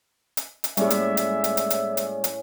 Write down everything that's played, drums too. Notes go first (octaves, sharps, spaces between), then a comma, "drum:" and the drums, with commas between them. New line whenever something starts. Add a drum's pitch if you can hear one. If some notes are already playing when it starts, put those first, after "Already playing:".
drum: hi-hat
drum: hi-hat
A2 G3 G#3 A#3 C#4 G#4 D5 E5, drum: hi-hat
drum: hi-hat
drum: hi-hat
drum: hi-hat
drum: hi-hat
drum: hi-hat
drum: hi-hat
drum: hi-hat